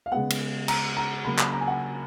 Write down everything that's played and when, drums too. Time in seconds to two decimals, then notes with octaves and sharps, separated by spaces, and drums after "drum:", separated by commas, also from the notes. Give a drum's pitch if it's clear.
0.06 F5
0.12 C#3 G#3 B3 F#5
0.30 drum: cymbal
0.68 A#5, drum: cymbal
0.97 A#5
1.25 C#3 F#3 A#3 B5
1.39 B5, drum: clap
1.52 A#5
1.61 G#5
1.68 F#5